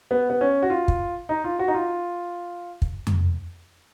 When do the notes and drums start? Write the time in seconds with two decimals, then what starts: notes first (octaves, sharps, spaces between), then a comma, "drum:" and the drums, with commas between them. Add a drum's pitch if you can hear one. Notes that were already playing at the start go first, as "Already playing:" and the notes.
0.11 B3
0.30 B3
0.41 C#4
0.62 F#4
0.70 F4
0.88 drum: kick
1.29 D#4
1.44 F4
1.59 F#4
1.68 D#4
1.74 F4
2.82 drum: kick
3.07 drum: tom F2